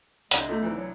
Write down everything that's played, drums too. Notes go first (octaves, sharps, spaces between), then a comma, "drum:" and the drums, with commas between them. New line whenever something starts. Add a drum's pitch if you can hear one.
C2 G#3 D4 G6, drum: hi-hat
A3
G#2 E3
F#3